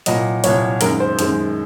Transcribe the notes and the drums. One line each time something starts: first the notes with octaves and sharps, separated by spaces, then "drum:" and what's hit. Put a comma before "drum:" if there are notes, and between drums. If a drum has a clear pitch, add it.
C2 A#2 F#3 D#5, drum: hi-hat
C2 A#2 F#3 C#5, drum: hi-hat
F#2 D#3 G#3 A#4, drum: hi-hat
C5
F#2 D#3 G#3, drum: hi-hat